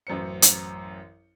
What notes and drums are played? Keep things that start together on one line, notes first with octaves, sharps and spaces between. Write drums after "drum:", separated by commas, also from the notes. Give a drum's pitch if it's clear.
A1 F#2 C5 C#7
drum: hi-hat